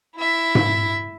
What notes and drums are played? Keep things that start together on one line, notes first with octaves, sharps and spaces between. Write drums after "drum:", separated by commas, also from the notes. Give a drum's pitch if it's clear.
E4 E5
drum: tom G#2